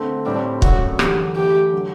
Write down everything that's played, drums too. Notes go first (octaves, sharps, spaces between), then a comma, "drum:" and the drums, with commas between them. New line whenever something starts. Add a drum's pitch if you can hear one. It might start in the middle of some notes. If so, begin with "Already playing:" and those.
Already playing: D3 A3 C4
A2 G3 C4 D4 G4
F#2 F#3 A3 D4 F#4, drum: kick
E2 D3 F#3 G4, drum: rim click
E3 A3 E4 G4
D3 F#3